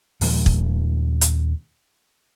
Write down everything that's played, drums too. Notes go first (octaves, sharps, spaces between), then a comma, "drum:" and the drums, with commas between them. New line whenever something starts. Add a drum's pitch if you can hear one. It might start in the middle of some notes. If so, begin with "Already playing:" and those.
D#2 A#2 F3 G#3, drum: open hi-hat
drum: kick
drum: hi-hat